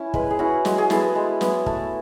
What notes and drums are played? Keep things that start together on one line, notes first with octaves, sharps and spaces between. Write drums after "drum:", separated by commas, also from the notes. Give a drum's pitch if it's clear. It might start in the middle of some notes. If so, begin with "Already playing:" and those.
Already playing: C#4 E4
G#3 B4, drum: kick
G#4
C#4 E4 F#4
G#3 F#4, drum: snare
G#4
B3 E4 A4, drum: snare
B4
G#3
B3 E4, drum: snare
A3, drum: kick